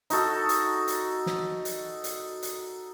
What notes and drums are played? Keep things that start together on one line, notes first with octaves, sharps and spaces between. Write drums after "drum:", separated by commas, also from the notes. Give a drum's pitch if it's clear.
D#4 F#4 A4, drum: hi-hat
drum: hi-hat
drum: hi-hat
drum: snare
drum: hi-hat
drum: hi-hat
drum: hi-hat